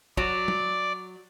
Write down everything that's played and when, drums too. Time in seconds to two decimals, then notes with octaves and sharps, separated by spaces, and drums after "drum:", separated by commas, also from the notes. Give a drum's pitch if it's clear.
0.17 F#3 D5, drum: kick
0.48 drum: tom